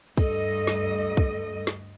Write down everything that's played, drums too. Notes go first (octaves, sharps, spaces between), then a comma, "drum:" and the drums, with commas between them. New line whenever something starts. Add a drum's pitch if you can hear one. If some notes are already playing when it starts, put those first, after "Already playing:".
D2 G2 A4 D#5, drum: kick
drum: snare
drum: kick
drum: snare